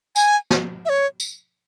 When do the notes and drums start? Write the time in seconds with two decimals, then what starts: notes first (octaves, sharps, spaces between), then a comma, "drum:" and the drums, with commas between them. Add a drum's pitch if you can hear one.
0.16 G#5, drum: tambourine
0.50 drum: snare
0.85 E5
0.89 C#5
1.20 drum: tambourine